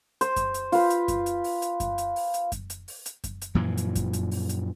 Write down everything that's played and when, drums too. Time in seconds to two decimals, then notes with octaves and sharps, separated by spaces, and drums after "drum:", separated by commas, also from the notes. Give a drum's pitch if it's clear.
0.21 C5, drum: hi-hat
0.36 drum: kick F#2, hi-hat
0.54 drum: hi-hat
0.72 F4 B4, drum: open hi-hat
0.90 drum: hi-hat
1.08 drum: kick F#2, hi-hat
1.26 drum: hi-hat
1.44 drum: open hi-hat
1.62 drum: hi-hat
1.80 drum: kick F#2, hi-hat
1.98 drum: hi-hat
2.16 drum: open hi-hat
2.34 drum: hi-hat
2.52 drum: kick F#2, hi-hat
2.70 drum: hi-hat
2.88 drum: open hi-hat
3.06 drum: hi-hat
3.24 drum: kick F#2, hi-hat
3.42 drum: hi-hat
3.55 F#2 A#2 E3 F3
3.78 drum: hi-hat
3.95 drum: kick F#2, hi-hat
4.13 drum: hi-hat
4.31 drum: open hi-hat
4.49 drum: hi-hat